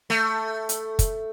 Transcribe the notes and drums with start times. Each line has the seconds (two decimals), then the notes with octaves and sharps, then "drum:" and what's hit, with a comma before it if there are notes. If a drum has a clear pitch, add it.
0.10 A3
0.69 drum: hi-hat
0.99 drum: kick, hi-hat